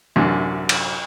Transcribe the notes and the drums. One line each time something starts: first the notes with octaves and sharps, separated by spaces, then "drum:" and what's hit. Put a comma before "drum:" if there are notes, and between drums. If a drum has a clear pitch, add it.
A1 F#2 C3 D4
drum: cymbal